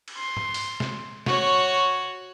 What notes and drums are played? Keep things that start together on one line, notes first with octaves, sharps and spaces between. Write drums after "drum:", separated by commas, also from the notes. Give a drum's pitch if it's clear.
drum: cymbal
C6
drum: tom G#2
drum: open hi-hat
drum: snare
F#4 C#5, drum: snare